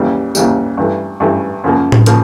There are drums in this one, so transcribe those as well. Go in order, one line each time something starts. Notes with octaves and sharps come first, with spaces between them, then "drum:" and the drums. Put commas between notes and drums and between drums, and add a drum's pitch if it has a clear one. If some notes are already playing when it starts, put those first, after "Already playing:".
Already playing: D#2 C#3 E3 G3
D#2 C#3 E3 G3, drum: tambourine
G2 E3 A3
G2 E3 A3
F#2 C#3 F3 A#3
drum: tom A2
C#3 F3 A#3, drum: hi-hat